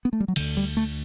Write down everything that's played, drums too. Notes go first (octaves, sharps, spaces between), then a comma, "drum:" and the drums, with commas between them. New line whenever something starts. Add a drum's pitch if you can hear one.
B3
A3
G3
F#3
D2 D3 E3, drum: cymbal
G3
A3